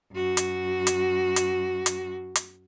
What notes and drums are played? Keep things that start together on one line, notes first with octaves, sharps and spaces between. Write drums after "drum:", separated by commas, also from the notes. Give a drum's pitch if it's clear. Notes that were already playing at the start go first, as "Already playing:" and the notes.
F#2 F#4
drum: hi-hat
drum: hi-hat
drum: hi-hat
drum: hi-hat
drum: hi-hat